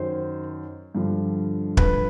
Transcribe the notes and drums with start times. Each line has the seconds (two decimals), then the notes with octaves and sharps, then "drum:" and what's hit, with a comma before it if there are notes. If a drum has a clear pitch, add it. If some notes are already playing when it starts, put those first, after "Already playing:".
Already playing: F#2 D#3 F#3 C5
0.95 G2 D3 F3
1.77 B4, drum: kick